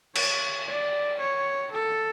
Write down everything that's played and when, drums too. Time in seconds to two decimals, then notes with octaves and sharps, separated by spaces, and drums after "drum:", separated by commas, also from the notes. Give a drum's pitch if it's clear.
0.15 C#5, drum: cymbal
0.68 D5
1.20 C#5
1.72 A4